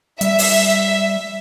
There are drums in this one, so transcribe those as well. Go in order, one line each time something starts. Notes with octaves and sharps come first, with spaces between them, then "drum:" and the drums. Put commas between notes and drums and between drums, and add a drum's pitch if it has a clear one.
G3 E5, drum: hi-hat
drum: open hi-hat